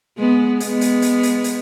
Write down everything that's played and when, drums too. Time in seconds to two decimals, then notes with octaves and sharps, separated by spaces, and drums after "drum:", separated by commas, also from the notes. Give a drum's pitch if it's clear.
0.18 G#3 B3
0.60 G#3 B3, drum: hi-hat
0.81 drum: hi-hat
1.02 drum: hi-hat
1.23 drum: hi-hat
1.44 drum: hi-hat